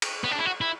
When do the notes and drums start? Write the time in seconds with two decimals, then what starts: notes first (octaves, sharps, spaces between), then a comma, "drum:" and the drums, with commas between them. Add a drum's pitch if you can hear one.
0.02 drum: cymbal
0.24 B3
0.31 D4
0.39 E4
0.46 F#4
0.61 E4